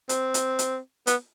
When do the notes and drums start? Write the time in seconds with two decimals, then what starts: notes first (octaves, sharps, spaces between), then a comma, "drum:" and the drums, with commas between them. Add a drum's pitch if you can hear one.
0.09 C4, drum: hi-hat
0.34 drum: hi-hat
0.59 drum: hi-hat
1.07 B3, drum: hi-hat